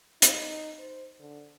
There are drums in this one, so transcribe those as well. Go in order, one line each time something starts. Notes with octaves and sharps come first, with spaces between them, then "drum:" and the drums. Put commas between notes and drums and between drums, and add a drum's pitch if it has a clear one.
D#4, drum: hi-hat
C5
D3